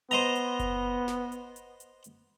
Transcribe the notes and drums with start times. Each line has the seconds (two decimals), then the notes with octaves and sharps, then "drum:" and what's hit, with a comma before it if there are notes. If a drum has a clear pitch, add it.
0.11 B3 C5 D#5 A#5, drum: hi-hat
0.35 drum: hi-hat
0.59 drum: kick F#1, hi-hat
1.08 drum: snare
1.32 drum: hi-hat
1.56 drum: hi-hat
1.80 drum: hi-hat
2.04 drum: hi-hat